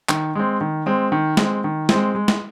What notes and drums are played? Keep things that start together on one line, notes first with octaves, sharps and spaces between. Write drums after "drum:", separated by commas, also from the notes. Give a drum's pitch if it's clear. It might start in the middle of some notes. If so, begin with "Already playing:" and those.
D#3, drum: clap
G#3 C4
D#3
G#3 C4
D#3
G#3 C4, drum: snare
D#3
G#3 C4, drum: snare
G#3
drum: snare